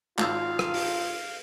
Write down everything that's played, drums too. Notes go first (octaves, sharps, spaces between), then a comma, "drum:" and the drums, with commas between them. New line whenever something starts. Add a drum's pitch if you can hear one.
G#1 F4 F5 E6, drum: clap
drum: rim click
drum: open hi-hat